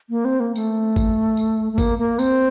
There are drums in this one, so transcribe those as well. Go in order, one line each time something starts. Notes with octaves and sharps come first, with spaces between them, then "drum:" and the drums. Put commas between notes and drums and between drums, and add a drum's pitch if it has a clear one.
A#3
C4
A#3
A3, drum: tambourine
drum: kick G#1, tambourine
drum: tambourine
A3
A#3, drum: kick G#1, tambourine
A#3
C4, drum: tambourine